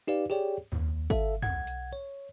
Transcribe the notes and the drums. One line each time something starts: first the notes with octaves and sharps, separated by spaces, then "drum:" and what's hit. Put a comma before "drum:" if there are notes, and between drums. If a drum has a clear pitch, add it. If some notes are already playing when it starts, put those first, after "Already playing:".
D#4 G4 B4 D5 F5
G4 G#4 C#5 D5 G5
D#2, drum: tom
A4 E5 F5, drum: kick
B1 F#5 G#6, drum: tom
drum: hi-hat
C#5